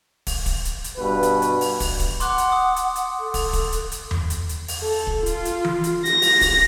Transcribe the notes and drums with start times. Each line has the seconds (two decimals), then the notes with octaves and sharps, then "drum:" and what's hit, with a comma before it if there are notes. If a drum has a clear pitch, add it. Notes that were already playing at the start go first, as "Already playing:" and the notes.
0.27 drum: kick, open hi-hat
0.46 drum: kick, hi-hat
0.65 drum: hi-hat
0.84 drum: hi-hat
0.97 G2 B2 B4
1.23 drum: hi-hat
1.42 drum: hi-hat
1.61 drum: open hi-hat
1.80 drum: kick, open hi-hat
2.00 drum: kick, hi-hat
2.20 F#5 C6 D6 F#6, drum: hi-hat
2.38 drum: hi-hat
2.52 D#6
2.76 drum: hi-hat
2.96 drum: hi-hat
3.19 A4
3.34 drum: kick, open hi-hat
3.53 drum: kick, hi-hat
3.72 drum: hi-hat
3.92 drum: hi-hat
4.11 drum: tom E2
4.30 drum: hi-hat
4.49 drum: hi-hat
4.68 drum: open hi-hat
4.80 A4
5.07 drum: kick
5.26 F4, drum: hi-hat
5.45 drum: hi-hat
5.64 drum: tom E3
5.84 drum: hi-hat
6.05 A#6, drum: hi-hat
6.22 drum: open hi-hat
6.41 drum: kick, open hi-hat